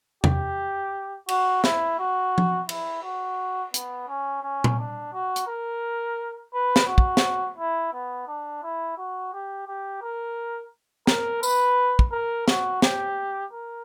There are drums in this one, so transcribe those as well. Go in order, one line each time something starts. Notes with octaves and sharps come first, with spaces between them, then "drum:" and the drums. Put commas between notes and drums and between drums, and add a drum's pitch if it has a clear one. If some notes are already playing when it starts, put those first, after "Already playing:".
G4, drum: tom E2
F#4, drum: cymbal
E4, drum: snare
F#4
drum: tom F3
E4, drum: cymbal
F#4
B3, drum: hi-hat
C#4
C#4
drum: tom A#2
D4
F#4
drum: hi-hat
A#4
B4
drum: snare
F#4
drum: kick
drum: snare
E4
B3
D4
E4
F#4
G4
G4
A#4
A#4, drum: snare
B4, drum: tambourine
drum: kick
A#4
F#4, drum: snare
G4, drum: snare
A#4